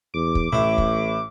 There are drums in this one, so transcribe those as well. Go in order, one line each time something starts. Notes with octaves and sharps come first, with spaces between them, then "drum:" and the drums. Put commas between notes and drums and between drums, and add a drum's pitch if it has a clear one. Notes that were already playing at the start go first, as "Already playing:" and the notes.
E2 D6
drum: kick
A1 A2 E4
drum: kick